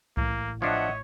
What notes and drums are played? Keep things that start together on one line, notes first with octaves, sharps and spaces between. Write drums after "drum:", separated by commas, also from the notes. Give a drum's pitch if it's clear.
A1 A2 A#3, drum: kick C2
F3 D4 C#5 D#5 E5 F#5